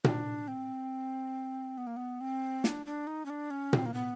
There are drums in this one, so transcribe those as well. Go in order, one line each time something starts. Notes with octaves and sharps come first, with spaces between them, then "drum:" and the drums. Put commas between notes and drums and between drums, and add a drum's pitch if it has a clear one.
D4, drum: tom A#2
C4
B3
A#3
B3
C4
D4, drum: snare
D4
D#4
C#4
D4
C#4
C4, drum: tom A#2
A#3
B3